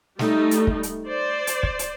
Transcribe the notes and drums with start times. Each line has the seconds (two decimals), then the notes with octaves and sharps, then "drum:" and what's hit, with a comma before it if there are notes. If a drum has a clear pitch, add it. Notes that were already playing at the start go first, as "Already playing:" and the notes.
0.19 G3 A3 D#4, drum: snare
0.51 drum: hi-hat
0.67 drum: kick
0.83 drum: hi-hat
1.08 C5 D5
1.47 drum: hi-hat
1.63 drum: kick
1.79 drum: hi-hat